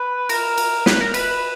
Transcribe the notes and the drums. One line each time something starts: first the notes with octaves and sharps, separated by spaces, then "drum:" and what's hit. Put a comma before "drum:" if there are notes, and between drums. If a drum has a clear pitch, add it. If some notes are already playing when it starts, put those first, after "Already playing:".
Already playing: B4
A#4, drum: cymbal
drum: cymbal
B4, drum: snare
A#4
B4, drum: cymbal